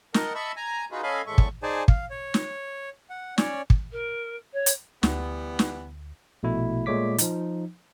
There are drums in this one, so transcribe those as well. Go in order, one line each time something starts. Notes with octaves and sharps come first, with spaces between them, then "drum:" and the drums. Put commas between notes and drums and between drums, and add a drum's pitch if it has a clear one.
A#4 D#5 F#5 G5 A5, drum: snare
D#5 E5 A5 B5 C#6 E6
G#5 A#5
D#4 F4 F#4 G#4 B4
C#4 A4 D#5 F5 G#5 B5
E2 A2 G#3 A4 E5 C#6
drum: kick
D#4 G#4 C5 D5 G#5 A5
F5, drum: kick
C#5
drum: snare
F#5
C#4 C#5 D5, drum: snare
drum: kick
A#4
C#5
drum: hi-hat
D2 E3 G3 B3, drum: snare
drum: snare
A#1 B2 A3 E4
A#2 G#3 A3 C#5 D6 B6
F3 D#4, drum: hi-hat